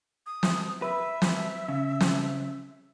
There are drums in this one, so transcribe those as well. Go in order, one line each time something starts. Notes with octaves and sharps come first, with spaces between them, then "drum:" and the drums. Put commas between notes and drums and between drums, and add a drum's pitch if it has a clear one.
D#6
drum: snare
B4 E5
drum: snare
C#3
drum: snare